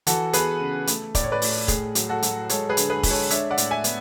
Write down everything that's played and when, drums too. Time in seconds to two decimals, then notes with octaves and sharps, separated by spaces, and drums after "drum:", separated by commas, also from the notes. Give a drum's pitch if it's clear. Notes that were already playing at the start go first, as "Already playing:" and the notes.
0.07 E3 F#4 A4, drum: hi-hat
0.33 B3 G#4 B4, drum: hi-hat
0.60 C#3
0.87 A3, drum: hi-hat
1.15 A2 D5, drum: kick, hi-hat
1.24 C#5
1.32 B4 D5
1.42 A3, drum: open hi-hat
1.68 A2 G#4, drum: kick, hi-hat
1.95 F#3, drum: hi-hat
2.09 F#4 A4
2.22 F#3, drum: hi-hat
2.49 G#3 A4 C#5, drum: hi-hat
2.69 G#4 B4
2.77 D3, drum: hi-hat
2.90 G#4 B4
3.03 G#3, drum: kick, open hi-hat
3.10 A4 C#5
3.30 D4 C#5 E5, drum: hi-hat
3.51 D5 F#5
3.58 A2, drum: hi-hat
3.71 E5 G#5
3.84 B3, drum: hi-hat